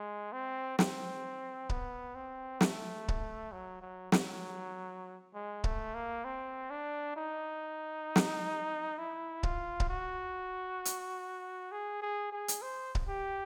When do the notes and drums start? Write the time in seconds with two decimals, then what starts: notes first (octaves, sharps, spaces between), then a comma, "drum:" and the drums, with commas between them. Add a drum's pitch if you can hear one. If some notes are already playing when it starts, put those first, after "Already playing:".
Already playing: G#3
0.33 C4
0.79 C4, drum: snare
1.69 B3, drum: kick C#1
2.15 C4
2.61 A3, drum: snare
3.08 drum: kick C#1
3.52 F#3
3.82 F#3
4.12 F#3, drum: snare
5.34 G#3
5.64 A3, drum: kick C#1
5.94 A#3
6.25 C4
6.70 D4
7.16 D#4
8.16 drum: snare
8.98 E4
9.43 F4, drum: kick C#1
9.80 drum: kick C#1
9.89 F#4
10.85 drum: hi-hat
11.72 G#4
12.02 G#4
12.32 G#4
12.48 drum: hi-hat
12.62 C5
12.95 drum: kick C#1
13.08 G4